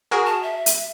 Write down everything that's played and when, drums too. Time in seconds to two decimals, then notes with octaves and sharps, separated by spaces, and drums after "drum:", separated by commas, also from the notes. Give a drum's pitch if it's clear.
0.11 F#4 G#4 A#4
0.26 A5
0.43 E5
0.66 drum: hi-hat